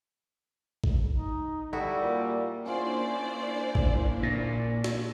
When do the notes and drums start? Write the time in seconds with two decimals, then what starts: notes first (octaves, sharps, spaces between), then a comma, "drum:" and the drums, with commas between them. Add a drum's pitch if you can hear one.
0.84 drum: kick
1.14 D#4
1.73 G3 E4 F#4 A4
2.02 A#2 A#3
2.66 A#3 C#4 D4 E4 F4 G#4 C5 D5
3.75 drum: kick
4.23 A#2
4.84 drum: snare